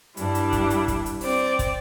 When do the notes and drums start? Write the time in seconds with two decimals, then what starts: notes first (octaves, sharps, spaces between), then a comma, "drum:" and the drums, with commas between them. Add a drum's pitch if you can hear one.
0.17 G2 G3 D4 E4, drum: hi-hat
0.35 drum: hi-hat
0.52 drum: kick, hi-hat
0.70 drum: hi-hat
0.88 drum: kick, hi-hat
1.06 drum: hi-hat
1.21 C4 D5, drum: open hi-hat
1.59 drum: kick, hi-hat